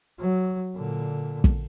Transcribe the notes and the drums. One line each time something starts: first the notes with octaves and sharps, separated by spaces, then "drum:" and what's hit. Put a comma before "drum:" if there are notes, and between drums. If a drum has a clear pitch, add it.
F#3
A#2 D3
drum: kick